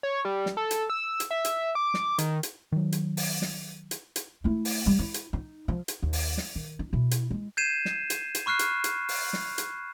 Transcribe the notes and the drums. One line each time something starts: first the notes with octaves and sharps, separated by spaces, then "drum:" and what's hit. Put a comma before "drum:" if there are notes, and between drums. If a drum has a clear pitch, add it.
C#5
G3
drum: snare
A4
drum: hi-hat
E6
drum: hi-hat
E5
drum: hi-hat
D6
drum: snare
D#3, drum: hi-hat
drum: hi-hat
D#3 F#3
drum: hi-hat
drum: open hi-hat
drum: snare
drum: hi-hat
drum: hi-hat
A3 E4
drum: open hi-hat
G3
E4
drum: hi-hat
D#4
F3
drum: hi-hat
D#2
drum: open hi-hat
drum: snare
D#3
D#4
B2 E4
drum: hi-hat
G#3 E4
G6 G#6 C7 D#7 E7
drum: snare
drum: hi-hat
drum: hi-hat
B5 C#6 F6 F#6 C7
drum: hi-hat
drum: hi-hat
drum: open hi-hat
drum: snare
drum: hi-hat